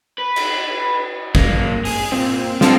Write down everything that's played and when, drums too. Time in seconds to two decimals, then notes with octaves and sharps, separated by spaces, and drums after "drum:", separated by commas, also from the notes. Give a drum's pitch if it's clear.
0.18 B4
0.36 drum: cymbal
1.35 F#3 A#3, drum: kick
1.85 G#4, drum: open hi-hat
2.12 A#2 C4
2.61 F3 A#3 C4 D4 A4, drum: snare